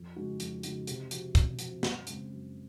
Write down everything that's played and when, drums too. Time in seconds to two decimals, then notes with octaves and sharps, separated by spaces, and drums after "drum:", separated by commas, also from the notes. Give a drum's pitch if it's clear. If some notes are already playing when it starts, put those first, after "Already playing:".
Already playing: F2
0.16 C#3 G#3 D#4 F#4
0.40 F2, drum: hi-hat
0.63 C#3 G#3 D#4 F#4, drum: hi-hat
0.87 C3, drum: hi-hat
1.11 F3 C4 F#4, drum: hi-hat
1.35 C3, drum: kick, hi-hat
1.59 F3 C4 F#4, drum: hi-hat
1.83 F#2, drum: snare
2.07 C#3 G#3 C4, drum: hi-hat
2.30 F#2